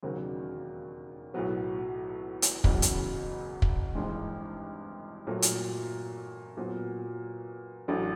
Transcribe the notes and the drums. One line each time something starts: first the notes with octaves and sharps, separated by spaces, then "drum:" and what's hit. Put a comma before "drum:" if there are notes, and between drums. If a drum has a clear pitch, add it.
E1 D#2 C#3 F#3 A#3
B1 A2 F#3 B3
drum: hi-hat
F#1 E2 C#3 F#3, drum: kick
drum: hi-hat
drum: kick
G#1 G2 E3 G#3
A#2 F#3 A3
drum: hi-hat
A#2 F#3 B3
A1 A2 F#3 A3 D4